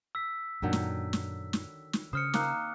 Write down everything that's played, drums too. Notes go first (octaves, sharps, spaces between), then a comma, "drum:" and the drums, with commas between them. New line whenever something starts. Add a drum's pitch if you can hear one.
E6 B6
F#2 A#2 D3 D#3 F#3
drum: snare
drum: snare
drum: snare
drum: snare
C#3 C5 D#6 F6 C#7
A#3 C4 D#4 D6 F#6, drum: snare